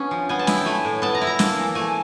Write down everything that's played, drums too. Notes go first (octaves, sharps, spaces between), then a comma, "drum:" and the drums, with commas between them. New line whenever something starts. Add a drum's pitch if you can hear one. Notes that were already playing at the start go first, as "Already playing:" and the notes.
Already playing: B3 C#4 D4
F3
B3 G#5
A5
E4, drum: snare
G5
A3 G#5
A2
B3 A5
A#5
E4
A#5
A#3 A5, drum: snare
E3
A3 G#5